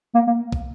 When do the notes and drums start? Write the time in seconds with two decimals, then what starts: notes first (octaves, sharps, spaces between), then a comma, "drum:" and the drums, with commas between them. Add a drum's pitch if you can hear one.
0.15 A#3
0.27 A#3
0.52 drum: kick